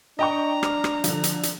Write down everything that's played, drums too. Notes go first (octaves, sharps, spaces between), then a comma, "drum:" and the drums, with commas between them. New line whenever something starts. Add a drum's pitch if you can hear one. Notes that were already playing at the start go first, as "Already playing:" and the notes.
D4 D#5 G5 A#5 C#6
D6 F6, drum: rim click
drum: rim click
D3 F3, drum: hi-hat
drum: hi-hat
drum: hi-hat